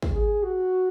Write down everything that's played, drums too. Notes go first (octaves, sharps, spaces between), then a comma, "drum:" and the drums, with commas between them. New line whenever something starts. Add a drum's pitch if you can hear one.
drum: kick
G#4
F#4